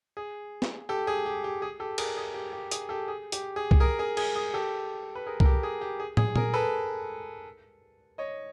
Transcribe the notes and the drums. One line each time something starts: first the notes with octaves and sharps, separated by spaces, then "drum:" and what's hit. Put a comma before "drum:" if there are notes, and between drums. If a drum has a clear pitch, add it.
G#4
drum: snare
G4 A4
G#4
G4
G4
G#4
G4 A4
G#4 A#4, drum: cymbal
G#4
G4
G4
G#4, drum: hi-hat
G4 A4
G#4
G4, drum: hi-hat
G#4
drum: kick C2
G#4 A#4
G#4 A#4
G#4, drum: cymbal
G#4
G4 A4
B4
G#4 A#4
A#4, drum: kick C2
G4 A4
G#4
G4
G#4
G#4, drum: tom
G#4 A#4, drum: tom A#2
A4 B4
C#5 D#5